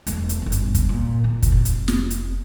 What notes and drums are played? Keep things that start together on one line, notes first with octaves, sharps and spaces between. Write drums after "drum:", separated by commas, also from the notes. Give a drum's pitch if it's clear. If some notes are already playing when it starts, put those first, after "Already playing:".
E1 A3, drum: hi-hat
drum: hi-hat
G1 F#2
drum: hi-hat
drum: kick, hi-hat
A#2
A#2
drum: kick, hi-hat
F1
drum: hi-hat
drum: snare
drum: hi-hat